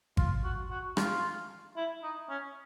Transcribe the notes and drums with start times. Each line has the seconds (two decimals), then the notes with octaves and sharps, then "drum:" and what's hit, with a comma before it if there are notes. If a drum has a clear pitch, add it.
0.17 F4, drum: kick G#1
0.44 F#4
0.71 F#4
0.97 F4, drum: rim click
1.76 E4
2.03 D#4
2.29 C#4